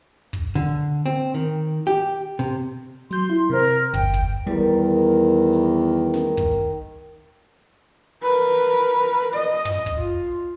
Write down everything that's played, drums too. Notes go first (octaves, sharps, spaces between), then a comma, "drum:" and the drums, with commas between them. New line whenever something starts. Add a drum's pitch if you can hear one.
drum: kick
D3
C4
D#3
G4
C3, drum: open hi-hat
F#3 C6 G6, drum: hi-hat
E4
C3 A#4 C5
G1 G5, drum: kick
drum: kick
E2 D#3 G3 A#4
drum: hi-hat
drum: snare
drum: kick
A#4 B4
D#5
drum: tom
drum: kick
F4